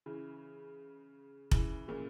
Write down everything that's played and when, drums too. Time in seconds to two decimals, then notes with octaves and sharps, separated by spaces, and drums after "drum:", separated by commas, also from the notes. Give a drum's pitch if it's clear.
0.06 C#3 E3
1.51 C#3 E3, drum: kick F1
1.88 A#2 C#3